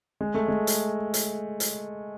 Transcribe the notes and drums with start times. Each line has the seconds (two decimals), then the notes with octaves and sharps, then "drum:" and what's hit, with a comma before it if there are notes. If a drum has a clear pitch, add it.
0.21 G#3
0.34 A3
0.48 G#3
0.67 drum: hi-hat
1.14 drum: hi-hat
1.60 drum: hi-hat